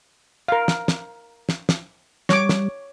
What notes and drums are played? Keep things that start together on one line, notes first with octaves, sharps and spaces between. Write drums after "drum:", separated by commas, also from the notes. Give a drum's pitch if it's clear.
A#4 F5
drum: snare
drum: snare
drum: snare
drum: snare
G3 C#5 D6, drum: snare
drum: snare